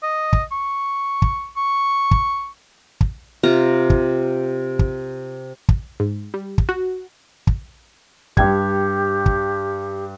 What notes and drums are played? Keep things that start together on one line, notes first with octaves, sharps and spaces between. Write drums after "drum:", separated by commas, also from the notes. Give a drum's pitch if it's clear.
D#5
drum: kick
C#6
drum: kick
C#6
drum: kick
drum: kick
C3 F4 A#5
drum: kick
drum: kick
drum: kick
G#2
G3
drum: kick
F#4
drum: kick
G2 G4 G5 G#6, drum: kick
drum: kick